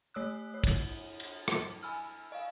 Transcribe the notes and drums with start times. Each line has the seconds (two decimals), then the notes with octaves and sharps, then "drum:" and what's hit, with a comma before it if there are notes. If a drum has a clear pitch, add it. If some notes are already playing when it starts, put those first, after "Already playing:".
0.14 A3 C#5 D#6 E6 F#6
0.54 C#5
0.64 drum: kick, cymbal
1.20 drum: cymbal
1.48 drum: rim click
1.83 G#5 B5 E6 F6
2.32 D#5 F5